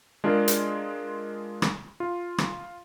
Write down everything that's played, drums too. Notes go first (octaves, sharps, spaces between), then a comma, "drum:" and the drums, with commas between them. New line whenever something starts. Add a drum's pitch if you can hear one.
G#3 D4 F4 G#4 A#4
drum: hi-hat
drum: rim click
F4
drum: rim click